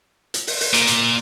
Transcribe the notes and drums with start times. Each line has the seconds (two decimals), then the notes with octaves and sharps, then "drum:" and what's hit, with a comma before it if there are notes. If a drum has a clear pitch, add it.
0.34 drum: hi-hat
0.47 drum: open hi-hat
0.61 drum: open hi-hat
0.74 A#2, drum: hi-hat
0.87 drum: hi-hat